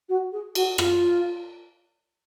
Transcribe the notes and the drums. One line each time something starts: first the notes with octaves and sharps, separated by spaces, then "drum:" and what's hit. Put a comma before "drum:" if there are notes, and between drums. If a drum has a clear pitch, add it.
F#4
G#4
F#4, drum: cymbal
F4, drum: rim click